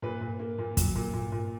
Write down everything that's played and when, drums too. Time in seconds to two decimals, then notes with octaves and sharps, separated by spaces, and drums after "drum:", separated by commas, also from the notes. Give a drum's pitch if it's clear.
0.02 A#2 B4
0.21 A#2
0.39 A#3
0.58 A#2
0.77 F#3, drum: kick, hi-hat
0.95 A#2
1.13 A#2
1.32 A#2